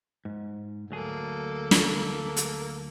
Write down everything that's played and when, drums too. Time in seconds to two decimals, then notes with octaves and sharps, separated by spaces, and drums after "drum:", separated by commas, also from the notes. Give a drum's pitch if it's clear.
0.25 G#2
0.91 D2 F#3 A#3 G#4 A4
1.71 drum: snare
2.36 drum: hi-hat